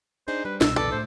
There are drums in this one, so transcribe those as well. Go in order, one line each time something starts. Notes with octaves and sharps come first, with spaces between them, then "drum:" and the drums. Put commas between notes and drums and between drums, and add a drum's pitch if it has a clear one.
D4 D#4 G#4 C5
G3 B4
C2 B2 E6, drum: snare
F2 D3 A4 B4 D5
A2 A3 C5